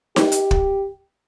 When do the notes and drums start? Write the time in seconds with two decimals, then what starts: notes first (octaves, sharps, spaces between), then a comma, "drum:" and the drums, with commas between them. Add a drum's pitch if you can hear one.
0.16 G4, drum: snare D#4
0.32 drum: hi-hat
0.51 drum: kick